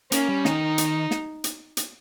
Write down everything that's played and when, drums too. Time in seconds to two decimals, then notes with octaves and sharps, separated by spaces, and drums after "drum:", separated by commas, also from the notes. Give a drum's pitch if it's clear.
0.12 A#3 C#4, drum: hi-hat
0.29 G3
0.45 D#3 D#4, drum: snare
0.78 drum: hi-hat
1.11 drum: snare
1.44 drum: hi-hat
1.77 drum: hi-hat